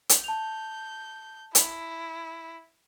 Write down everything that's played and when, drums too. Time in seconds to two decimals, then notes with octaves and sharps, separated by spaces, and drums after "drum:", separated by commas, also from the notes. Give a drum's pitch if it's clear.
0.09 drum: hi-hat
0.24 A5 G6 F7
1.55 E4, drum: hi-hat